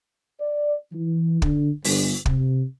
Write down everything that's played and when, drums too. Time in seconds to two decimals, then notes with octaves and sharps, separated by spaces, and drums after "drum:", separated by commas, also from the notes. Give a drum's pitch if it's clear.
0.40 D5
0.93 E3
1.42 D3, drum: kick
1.84 G1, drum: open hi-hat
2.26 C3, drum: kick